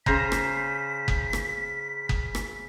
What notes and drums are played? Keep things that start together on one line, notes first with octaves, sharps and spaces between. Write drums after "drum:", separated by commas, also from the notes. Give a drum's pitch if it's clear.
C#3 C5 A#5 B6, drum: kick F#1
drum: rim click
drum: kick F#1
drum: rim click
drum: kick F#1
drum: rim click